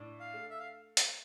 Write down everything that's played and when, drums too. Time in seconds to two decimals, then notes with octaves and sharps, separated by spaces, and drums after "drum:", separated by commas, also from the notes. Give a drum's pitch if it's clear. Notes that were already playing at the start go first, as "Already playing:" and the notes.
Already playing: A2 D4
0.20 F5
0.34 A3
0.50 E5
0.59 F5
0.97 drum: hi-hat